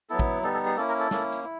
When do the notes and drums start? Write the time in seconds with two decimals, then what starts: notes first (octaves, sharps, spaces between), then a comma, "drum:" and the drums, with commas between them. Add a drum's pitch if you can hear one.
0.09 F#3 B3 E4 A4
0.19 drum: kick
0.43 G3 B3 D#4 A4
0.54 A4
0.66 G#4
0.76 A#3 C#4 E4 A4
0.89 A#4
0.99 A4
1.11 A#3 C#4 E4, drum: snare
1.32 drum: hi-hat
1.44 E4